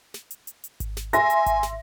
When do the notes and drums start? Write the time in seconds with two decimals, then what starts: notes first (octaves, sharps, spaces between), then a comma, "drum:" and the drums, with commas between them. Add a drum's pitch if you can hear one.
0.14 drum: snare
0.31 drum: hi-hat
0.47 drum: hi-hat
0.64 drum: hi-hat
0.80 drum: kick G#1, hi-hat
0.97 drum: snare
1.13 E5 G#5 C6 A#6, drum: hi-hat
1.30 drum: hi-hat
1.46 drum: kick G#1, hi-hat
1.63 drum: snare